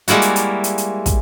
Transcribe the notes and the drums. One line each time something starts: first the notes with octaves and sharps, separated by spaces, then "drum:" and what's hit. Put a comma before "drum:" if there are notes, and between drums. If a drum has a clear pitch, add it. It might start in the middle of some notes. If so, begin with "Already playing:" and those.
G3 G#3 A#3 E4 F#4, drum: hi-hat
drum: hi-hat
drum: hi-hat
drum: hi-hat
drum: hi-hat
drum: kick, hi-hat